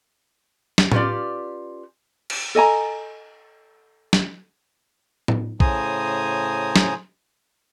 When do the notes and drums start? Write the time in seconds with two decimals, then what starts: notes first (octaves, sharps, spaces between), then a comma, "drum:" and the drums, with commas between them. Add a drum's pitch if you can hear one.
0.78 drum: snare
0.92 C#4 F4 G4 B4 D5, drum: tom A2
2.30 drum: cymbal
2.55 A4 D#5 G#5 A#5
4.13 drum: snare
5.28 drum: tom A2
5.60 A2 C#3 C5 G#5 A#5 D#6, drum: kick A#1
6.76 drum: snare